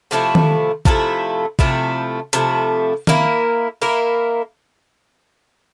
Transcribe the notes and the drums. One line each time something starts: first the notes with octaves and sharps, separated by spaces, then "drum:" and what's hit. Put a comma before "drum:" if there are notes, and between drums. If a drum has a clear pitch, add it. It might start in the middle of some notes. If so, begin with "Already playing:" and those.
C3 F3 A3 E4
drum: tom D#3
C3 F3 A3 E4, drum: kick
C3 F3 A3 E4, drum: kick
C3 F3 A3 E4, drum: hi-hat
A#3 E4 A#4, drum: tom D#3
A#3 E4 A#4